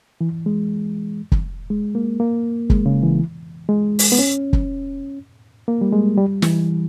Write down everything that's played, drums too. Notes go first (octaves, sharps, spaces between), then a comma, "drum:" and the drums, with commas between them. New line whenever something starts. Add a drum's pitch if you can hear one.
E3
G#3
drum: kick
G#3
A#3
A#3
G#3, drum: kick
C#3
E3
G#3
drum: open hi-hat
B3
C#4
drum: kick
A#3
G3
G#3
G3
E3, drum: snare